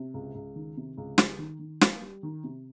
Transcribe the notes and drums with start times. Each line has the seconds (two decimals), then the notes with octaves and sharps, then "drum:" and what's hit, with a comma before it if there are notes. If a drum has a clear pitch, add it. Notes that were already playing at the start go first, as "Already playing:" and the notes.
Already playing: C3
0.14 C#2
0.35 C#2
0.56 D#3
0.77 C3
0.97 C#2
1.18 G3, drum: snare
1.39 D#3
1.59 D#3
1.81 A#3, drum: snare
2.01 G3
2.23 D#3
2.44 C3